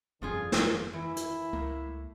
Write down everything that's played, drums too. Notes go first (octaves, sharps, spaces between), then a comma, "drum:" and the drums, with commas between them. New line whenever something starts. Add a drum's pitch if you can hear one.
F1 G2 D3 F3 C4 F4 G#4
drum: snare
E3 E4
drum: hi-hat
C#2 A2 A#3